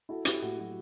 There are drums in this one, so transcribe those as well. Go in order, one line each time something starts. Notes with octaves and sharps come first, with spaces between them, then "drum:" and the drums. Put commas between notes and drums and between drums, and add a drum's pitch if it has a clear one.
E4 F#4 A4
E4 G4, drum: hi-hat
A2 F#4
F#3 F#4